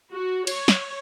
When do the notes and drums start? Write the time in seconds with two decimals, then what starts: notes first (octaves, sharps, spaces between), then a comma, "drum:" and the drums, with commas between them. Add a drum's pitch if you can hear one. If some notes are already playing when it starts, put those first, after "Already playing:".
0.12 F#4
0.47 C#5, drum: cymbal
0.68 drum: snare